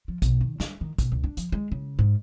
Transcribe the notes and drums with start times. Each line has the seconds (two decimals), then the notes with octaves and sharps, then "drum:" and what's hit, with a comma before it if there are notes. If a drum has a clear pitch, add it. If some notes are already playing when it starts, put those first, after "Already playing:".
0.08 F3
0.22 B1, drum: kick, hi-hat
0.41 D#3
0.60 D4, drum: snare
0.81 D#3
0.99 B2, drum: kick, hi-hat
1.12 C#2
1.24 D4
1.37 F3, drum: hi-hat
1.52 G#3
1.72 C#3
1.99 G#2